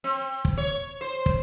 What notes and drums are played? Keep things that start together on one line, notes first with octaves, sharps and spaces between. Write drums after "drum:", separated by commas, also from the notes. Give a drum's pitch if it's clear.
C4
drum: kick
C#5
C5
drum: kick